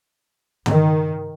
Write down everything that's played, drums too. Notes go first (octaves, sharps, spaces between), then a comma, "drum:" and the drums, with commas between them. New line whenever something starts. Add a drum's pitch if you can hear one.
D#3, drum: tom